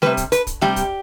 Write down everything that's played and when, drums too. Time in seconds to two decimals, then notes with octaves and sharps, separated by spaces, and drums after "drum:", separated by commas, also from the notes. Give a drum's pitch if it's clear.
0.02 C3 G3 B4, drum: snare
0.17 drum: kick, hi-hat
0.32 B4, drum: hi-hat
0.47 drum: kick, hi-hat
0.61 C3 G3 G4, drum: snare
0.76 drum: kick, hi-hat